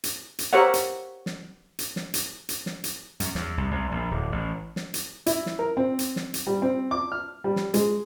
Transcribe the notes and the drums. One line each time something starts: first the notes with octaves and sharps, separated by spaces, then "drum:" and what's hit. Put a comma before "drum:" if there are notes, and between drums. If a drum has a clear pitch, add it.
drum: hi-hat
drum: hi-hat
G4 A#4 C5 C#5 E5 F#5
drum: hi-hat
drum: snare
drum: hi-hat
drum: snare
drum: hi-hat
drum: hi-hat
drum: snare
drum: hi-hat
F#2, drum: hi-hat
E2, drum: snare
C2
C2
A#1
D1
A1
drum: snare
drum: hi-hat
E4, drum: hi-hat
drum: snare
A#4
C4
drum: hi-hat
drum: snare
drum: hi-hat
G3
C4
D6
F6
G3
drum: snare
G#3, drum: hi-hat